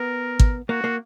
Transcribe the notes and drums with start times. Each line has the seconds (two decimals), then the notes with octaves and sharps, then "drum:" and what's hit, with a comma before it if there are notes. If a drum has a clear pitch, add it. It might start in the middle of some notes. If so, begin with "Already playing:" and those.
Already playing: B3 A#4
0.39 drum: kick
0.69 A#3 F#4
0.84 A#3